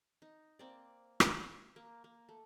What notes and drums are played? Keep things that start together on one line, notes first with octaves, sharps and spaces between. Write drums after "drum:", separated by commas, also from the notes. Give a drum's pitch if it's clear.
D#4
A#3 C4 D5
drum: rim click
A#3
A#3
A3